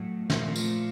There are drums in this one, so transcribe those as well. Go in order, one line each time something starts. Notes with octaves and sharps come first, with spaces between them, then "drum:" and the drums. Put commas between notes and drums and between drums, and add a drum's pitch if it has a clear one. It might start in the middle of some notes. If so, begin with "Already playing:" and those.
Already playing: A2 F#3 A3
A#2 F3 A3, drum: snare
drum: tambourine